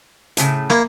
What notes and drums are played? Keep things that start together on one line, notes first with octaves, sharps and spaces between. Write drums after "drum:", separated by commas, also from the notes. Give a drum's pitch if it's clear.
A2 C#3, drum: hi-hat
A#3 E4, drum: rim click